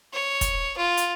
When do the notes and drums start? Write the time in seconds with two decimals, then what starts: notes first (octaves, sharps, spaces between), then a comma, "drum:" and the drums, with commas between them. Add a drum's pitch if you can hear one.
0.13 C#5
0.41 drum: kick, hi-hat
0.77 F4
0.97 drum: hi-hat